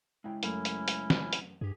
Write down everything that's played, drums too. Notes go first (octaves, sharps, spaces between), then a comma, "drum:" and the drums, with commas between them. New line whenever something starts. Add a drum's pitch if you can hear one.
C#3 G#3 E4 G5
F#2 A3 C#4 E4, drum: hi-hat
drum: hi-hat
drum: hi-hat
drum: snare
drum: hi-hat
G2 G4 G#4